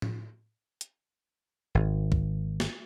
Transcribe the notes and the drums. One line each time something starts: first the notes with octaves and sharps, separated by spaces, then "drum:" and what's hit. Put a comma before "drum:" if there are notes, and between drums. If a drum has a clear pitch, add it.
drum: tom A2
drum: hi-hat
G#1
drum: kick
drum: snare